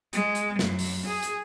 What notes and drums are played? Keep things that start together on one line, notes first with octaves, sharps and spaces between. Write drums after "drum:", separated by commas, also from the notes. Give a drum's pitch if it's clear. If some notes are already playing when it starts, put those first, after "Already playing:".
G#3, drum: hi-hat
drum: hi-hat
F#2, drum: snare
drum: open hi-hat
G#4
drum: hi-hat